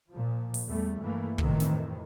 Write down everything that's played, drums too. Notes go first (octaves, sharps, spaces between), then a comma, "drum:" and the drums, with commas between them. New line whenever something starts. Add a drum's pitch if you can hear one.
A#2 F3
drum: open hi-hat
E2 G3 A3
G2 E3 A3 A#3
F2 A2 C3 D#3 E3, drum: kick
drum: snare